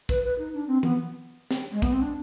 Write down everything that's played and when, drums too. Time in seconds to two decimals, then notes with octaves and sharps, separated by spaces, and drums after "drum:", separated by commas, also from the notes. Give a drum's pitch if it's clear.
0.09 B4, drum: kick
0.24 B4
0.38 D#4
0.54 D4
0.68 C4
0.83 B3, drum: tom
1.51 drum: snare
1.72 G#3
1.82 B3, drum: kick
1.92 C4
2.02 D4